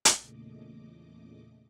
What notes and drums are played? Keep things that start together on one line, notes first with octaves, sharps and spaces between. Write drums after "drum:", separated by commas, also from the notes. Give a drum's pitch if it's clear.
drum: hi-hat
E2 A#2 C#3 A3 D#5 D6